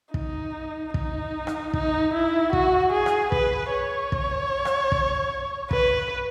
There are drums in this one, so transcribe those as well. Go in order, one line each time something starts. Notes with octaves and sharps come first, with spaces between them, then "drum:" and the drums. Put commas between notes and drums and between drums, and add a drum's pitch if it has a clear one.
D#4, drum: kick
D#4, drum: kick
drum: rim click
D#4, drum: kick
E4
F#4, drum: kick
G#4
drum: rim click
B4, drum: kick
C#5
drum: kick
drum: rim click
drum: kick
B4, drum: kick